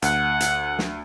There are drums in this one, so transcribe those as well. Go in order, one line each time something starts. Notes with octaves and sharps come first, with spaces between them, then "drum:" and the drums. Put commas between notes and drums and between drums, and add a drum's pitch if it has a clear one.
D2 F#5, drum: hi-hat
drum: hi-hat
drum: snare